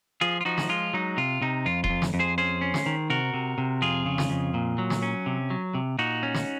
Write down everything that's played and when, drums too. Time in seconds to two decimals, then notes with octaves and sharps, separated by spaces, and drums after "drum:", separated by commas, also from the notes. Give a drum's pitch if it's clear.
0.21 F3 F4 G#4
0.41 F4
0.45 F3 D#4 F#4
0.58 drum: snare
0.69 G#3 F4
0.94 F#3 D#4
1.17 C3 F4
1.42 C3 D#4
1.66 F2 F4
1.84 F4, drum: kick D#1
1.90 F2
2.02 drum: snare
2.14 F2
2.19 G#4 C5
2.38 C#4 G#4 C5
2.61 C#4
2.74 drum: snare
2.86 D#3
3.10 C3 F#4 A#4
3.34 C3
3.58 C3
3.82 F2 F4 G#4
4.06 C#3
4.18 drum: snare
4.30 F2
4.54 A#2
4.78 F#3
4.90 drum: snare
5.02 C#4
5.26 C3
5.50 F#3
5.75 C3
5.99 A#2 D#4 F#4
6.23 C#4
6.34 drum: snare